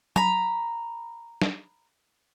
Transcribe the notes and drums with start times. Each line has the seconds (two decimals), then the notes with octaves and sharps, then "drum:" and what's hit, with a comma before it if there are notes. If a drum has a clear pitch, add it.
0.16 A#5 B5, drum: tom F#3
1.42 drum: snare